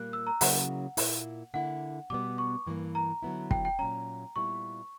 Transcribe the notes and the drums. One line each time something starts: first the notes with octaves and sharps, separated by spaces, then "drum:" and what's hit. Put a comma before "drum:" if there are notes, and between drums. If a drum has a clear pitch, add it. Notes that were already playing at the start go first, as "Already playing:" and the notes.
Already playing: A#2 G3 A#3 F#6
E6
A#5
C#3 F#3 A#3 C#4 E4 F#5, drum: open hi-hat
A#2 A#3 E4, drum: open hi-hat
D3 A#3 E4 F#5
B2 G3 B3 D6
C#6
G2 E3 G3 A#3
A#5
D3 F#3 B3 E4
G5, drum: kick
G5
A#2 F#3 C#4 A#5
A#2 G3 B3 E4 C#6